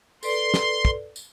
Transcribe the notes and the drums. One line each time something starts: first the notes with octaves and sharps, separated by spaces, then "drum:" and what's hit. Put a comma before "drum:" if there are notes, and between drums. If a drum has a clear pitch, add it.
A4 B4 D5 C6, drum: tambourine
drum: snare
drum: kick
drum: tambourine